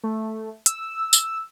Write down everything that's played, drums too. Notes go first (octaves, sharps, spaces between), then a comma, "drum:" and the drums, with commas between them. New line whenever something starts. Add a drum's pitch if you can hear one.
A3
E6, drum: hi-hat
drum: tambourine